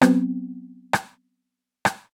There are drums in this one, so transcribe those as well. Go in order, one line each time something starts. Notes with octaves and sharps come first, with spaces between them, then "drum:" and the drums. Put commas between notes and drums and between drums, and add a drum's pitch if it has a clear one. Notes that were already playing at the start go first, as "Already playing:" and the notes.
F#3 B3 C4, drum: rim click
drum: rim click
drum: rim click